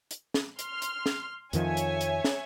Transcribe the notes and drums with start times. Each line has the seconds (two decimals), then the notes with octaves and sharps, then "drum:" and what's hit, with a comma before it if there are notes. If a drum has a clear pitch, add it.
0.11 drum: hi-hat
0.34 drum: snare
0.59 C6 F6, drum: hi-hat
0.82 drum: hi-hat
1.06 drum: snare
1.53 F2 D#3 F3 C#5 E5 G#5, drum: hi-hat
1.77 drum: hi-hat
2.01 drum: hi-hat
2.24 drum: snare